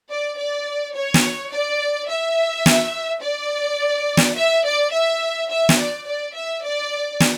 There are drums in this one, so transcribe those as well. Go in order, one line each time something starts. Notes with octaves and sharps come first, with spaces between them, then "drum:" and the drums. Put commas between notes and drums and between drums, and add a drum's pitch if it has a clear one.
D5
D5
C#5
drum: snare
D5
E5
drum: snare
D5
drum: snare
E5
D5
E5
E5
drum: snare
D5
D5
E5
D5
drum: snare